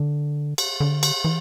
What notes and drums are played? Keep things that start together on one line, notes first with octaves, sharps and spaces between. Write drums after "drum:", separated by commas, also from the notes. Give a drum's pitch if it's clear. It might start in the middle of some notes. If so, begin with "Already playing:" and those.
Already playing: D3
drum: cymbal
D3
drum: cymbal
E3